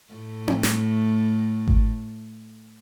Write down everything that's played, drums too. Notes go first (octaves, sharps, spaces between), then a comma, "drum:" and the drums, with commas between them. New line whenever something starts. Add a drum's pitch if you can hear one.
A2 A3
drum: tom C4
drum: snare
drum: kick G#1